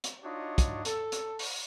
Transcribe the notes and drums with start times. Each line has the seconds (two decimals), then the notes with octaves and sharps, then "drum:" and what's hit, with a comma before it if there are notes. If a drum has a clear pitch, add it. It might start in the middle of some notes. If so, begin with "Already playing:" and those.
0.04 drum: hi-hat
0.24 D4 D#4 F4 F#4 C#5 D#5
0.58 drum: kick, hi-hat
0.85 A4, drum: hi-hat
1.12 drum: hi-hat
1.39 drum: open hi-hat